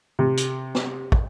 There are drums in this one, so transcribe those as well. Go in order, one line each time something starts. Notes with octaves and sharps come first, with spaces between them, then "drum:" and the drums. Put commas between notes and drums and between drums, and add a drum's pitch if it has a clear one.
C3
drum: hi-hat
drum: snare
drum: kick